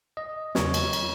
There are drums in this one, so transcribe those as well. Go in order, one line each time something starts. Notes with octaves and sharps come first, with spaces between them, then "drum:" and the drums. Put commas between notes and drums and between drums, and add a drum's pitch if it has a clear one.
D#5
E2 C#3 F#3 C#5, drum: snare
drum: cymbal
drum: cymbal